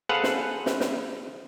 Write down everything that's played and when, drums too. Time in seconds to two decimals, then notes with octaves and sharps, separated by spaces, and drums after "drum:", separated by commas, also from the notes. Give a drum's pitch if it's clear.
0.09 G#4 A4 B4 C5 F5 F#5
0.24 drum: snare
0.66 drum: snare
0.80 drum: snare